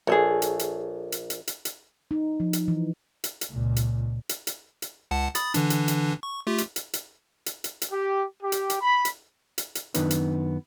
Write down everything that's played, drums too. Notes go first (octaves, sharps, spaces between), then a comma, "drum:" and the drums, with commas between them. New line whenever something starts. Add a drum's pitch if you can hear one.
A#1 G#4 A4 C#5
drum: hi-hat
drum: hi-hat
drum: hi-hat
drum: hi-hat
drum: hi-hat
drum: hi-hat
D#4
F3
drum: hi-hat
E3
drum: hi-hat
drum: hi-hat
C#2 A#2
drum: hi-hat
drum: hi-hat
drum: hi-hat
drum: hi-hat
C#2 F#5 A5
B5 D#6 A6, drum: hi-hat
D3 E3 D4, drum: hi-hat
drum: hi-hat
drum: hi-hat
C#6
A3 F4 G4
drum: hi-hat
drum: hi-hat
drum: hi-hat
drum: hi-hat
drum: hi-hat
drum: hi-hat
G4
G4
drum: hi-hat
drum: hi-hat
B5
drum: hi-hat
drum: hi-hat
drum: hi-hat
F#2 D#3 B3 D4 D#4 B4, drum: hi-hat
drum: hi-hat